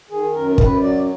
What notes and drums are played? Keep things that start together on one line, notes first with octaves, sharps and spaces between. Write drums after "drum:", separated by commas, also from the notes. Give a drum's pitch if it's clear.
D#3 G#4
F#2 A#4
A#4
F#2 B4, drum: kick
F#3 D5